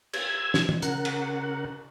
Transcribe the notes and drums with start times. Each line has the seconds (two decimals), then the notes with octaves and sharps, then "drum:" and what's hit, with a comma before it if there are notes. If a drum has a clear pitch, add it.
0.13 E6 G#6, drum: cymbal
0.54 drum: snare
0.69 drum: tom
0.82 C#3 A#4 F#5, drum: hi-hat
1.05 drum: cymbal